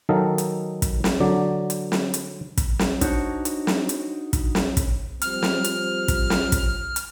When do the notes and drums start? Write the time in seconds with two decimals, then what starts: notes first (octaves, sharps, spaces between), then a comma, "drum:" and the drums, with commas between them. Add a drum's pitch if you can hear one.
0.09 D#3 F#3 D#4 A4 D#5 F5
0.38 drum: hi-hat
0.82 drum: kick, hi-hat
1.04 drum: snare
1.20 D3 F#3 D5
1.70 drum: hi-hat
1.92 drum: snare
2.14 drum: hi-hat
2.57 drum: kick, hi-hat
2.79 drum: snare
3.01 D4 D#4 F#4 C5 C#5, drum: kick, hi-hat
3.45 drum: hi-hat
3.67 drum: snare
3.89 drum: hi-hat
4.33 drum: kick, hi-hat
4.55 drum: snare
4.77 drum: kick, hi-hat
5.22 F3 G3 C4 F6, drum: hi-hat
5.42 drum: snare
5.64 drum: hi-hat
6.08 drum: kick, hi-hat
6.30 drum: snare
6.52 drum: kick, hi-hat
6.96 drum: hi-hat